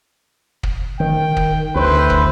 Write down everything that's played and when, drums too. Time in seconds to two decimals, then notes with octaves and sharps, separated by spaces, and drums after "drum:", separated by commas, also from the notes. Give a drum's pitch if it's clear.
0.63 drum: kick
1.00 D#3 G5
1.37 drum: kick
1.75 D2 E4 B4 C5
2.10 drum: kick